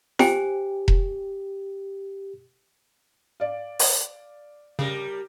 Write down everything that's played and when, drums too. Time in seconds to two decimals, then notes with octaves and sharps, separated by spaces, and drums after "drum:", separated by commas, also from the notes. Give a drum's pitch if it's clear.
0.19 G4 C5 G5 G#5, drum: snare
0.88 drum: kick E1
3.40 D5 F5
3.79 drum: open hi-hat
4.79 C#3 G3 C#4 A#4